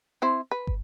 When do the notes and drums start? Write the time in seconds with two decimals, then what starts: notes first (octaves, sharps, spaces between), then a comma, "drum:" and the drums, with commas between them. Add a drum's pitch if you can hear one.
0.22 C4 E4 C5
0.51 B4
0.67 drum: kick